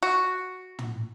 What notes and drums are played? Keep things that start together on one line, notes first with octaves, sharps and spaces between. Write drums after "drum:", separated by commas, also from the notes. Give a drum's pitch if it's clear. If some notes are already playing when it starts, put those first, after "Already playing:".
F#4
drum: tom